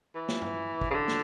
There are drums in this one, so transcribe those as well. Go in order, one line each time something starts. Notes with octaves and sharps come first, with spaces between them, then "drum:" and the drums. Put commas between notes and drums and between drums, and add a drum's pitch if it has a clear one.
E3
drum: snare
drum: tom
drum: kick
C#3
D3
drum: snare